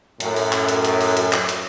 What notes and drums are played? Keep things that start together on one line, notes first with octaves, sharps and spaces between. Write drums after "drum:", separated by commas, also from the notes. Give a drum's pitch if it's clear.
F#2 A2, drum: hi-hat
drum: open hi-hat
drum: clap
drum: hi-hat
drum: hi-hat
drum: open hi-hat
drum: hi-hat
drum: clap
drum: hi-hat